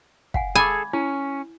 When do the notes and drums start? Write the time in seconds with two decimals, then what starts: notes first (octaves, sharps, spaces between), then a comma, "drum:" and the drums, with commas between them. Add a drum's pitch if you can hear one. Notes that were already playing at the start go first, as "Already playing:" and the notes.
0.34 F5 F#5 G#5, drum: kick
0.55 G#4 A4 G#5 B5 D6
0.93 C#4 E4